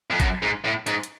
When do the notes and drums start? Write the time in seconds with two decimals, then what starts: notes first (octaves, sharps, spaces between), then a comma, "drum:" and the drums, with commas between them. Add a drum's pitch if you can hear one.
0.11 F2
0.20 F#2, drum: kick, hi-hat
0.42 G#2
0.64 A2
0.87 G#2, drum: hi-hat
1.03 drum: hi-hat